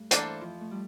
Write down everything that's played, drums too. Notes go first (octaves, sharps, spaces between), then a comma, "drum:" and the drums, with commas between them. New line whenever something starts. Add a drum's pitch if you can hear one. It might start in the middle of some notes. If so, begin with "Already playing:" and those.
Already playing: G2 A3
E3 A#3 D4 A4 C5, drum: hi-hat
F2 F3
A3
G3